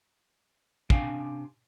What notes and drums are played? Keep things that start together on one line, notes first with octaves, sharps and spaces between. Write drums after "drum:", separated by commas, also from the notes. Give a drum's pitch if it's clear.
C3 C#4 D4 F5 G5 G#5, drum: kick